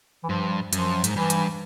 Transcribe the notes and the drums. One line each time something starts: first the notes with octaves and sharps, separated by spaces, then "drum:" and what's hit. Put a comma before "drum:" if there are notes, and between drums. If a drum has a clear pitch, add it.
E3
G2 F3
F#2 F3, drum: hi-hat
G#2, drum: hi-hat
G2 E3
drum: hi-hat